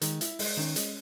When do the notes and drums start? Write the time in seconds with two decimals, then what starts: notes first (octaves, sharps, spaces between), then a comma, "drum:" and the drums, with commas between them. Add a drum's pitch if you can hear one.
0.01 D#3 G#3, drum: hi-hat
0.21 E4, drum: hi-hat
0.39 G#3, drum: open hi-hat
0.57 D#3 C#4
0.76 G#3, drum: hi-hat